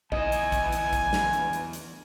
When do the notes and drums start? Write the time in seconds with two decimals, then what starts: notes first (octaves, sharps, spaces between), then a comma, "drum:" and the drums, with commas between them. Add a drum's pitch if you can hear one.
0.12 E2 E4 D#5 G#5, drum: kick A#1
0.32 drum: hi-hat
0.52 drum: kick A#1, hi-hat
0.72 drum: hi-hat
0.93 drum: kick A#1, hi-hat
1.13 drum: snare
1.33 drum: hi-hat
1.53 drum: hi-hat
1.73 drum: hi-hat